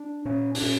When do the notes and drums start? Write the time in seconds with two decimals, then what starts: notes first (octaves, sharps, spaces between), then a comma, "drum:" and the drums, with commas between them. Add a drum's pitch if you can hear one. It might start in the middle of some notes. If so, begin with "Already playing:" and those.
Already playing: D4
0.25 A#2 C#4
0.55 D4, drum: open hi-hat
0.62 A#2 C#4